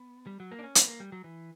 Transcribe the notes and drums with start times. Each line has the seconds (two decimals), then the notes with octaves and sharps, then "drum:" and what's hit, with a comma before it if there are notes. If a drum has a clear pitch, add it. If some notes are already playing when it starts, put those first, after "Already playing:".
Already playing: B3
0.27 G3
0.40 F#3
0.52 A#3
0.59 D4
0.63 C#4
0.75 B3, drum: hi-hat
0.88 A#3
1.00 G3
1.12 F#3
1.24 E3